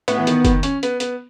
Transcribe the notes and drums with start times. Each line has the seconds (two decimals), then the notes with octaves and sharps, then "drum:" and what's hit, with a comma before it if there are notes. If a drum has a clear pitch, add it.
0.08 A2 B3, drum: hi-hat
0.18 E3
0.27 D#3, drum: hi-hat
0.45 D#3, drum: kick F#1, hi-hat
0.63 C#4, drum: hi-hat
0.83 B3, drum: hi-hat
1.00 B3, drum: hi-hat